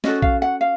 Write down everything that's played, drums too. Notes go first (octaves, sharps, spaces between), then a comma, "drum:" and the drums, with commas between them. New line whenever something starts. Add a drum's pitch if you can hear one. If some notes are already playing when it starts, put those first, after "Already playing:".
C#4 F#4 A4 D#5, drum: snare
F5, drum: kick A#1
F#5
F5